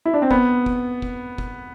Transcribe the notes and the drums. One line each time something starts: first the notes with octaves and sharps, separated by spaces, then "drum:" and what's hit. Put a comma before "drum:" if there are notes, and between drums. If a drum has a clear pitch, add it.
E4
D4
C4
B3, drum: kick
drum: kick
drum: kick
drum: kick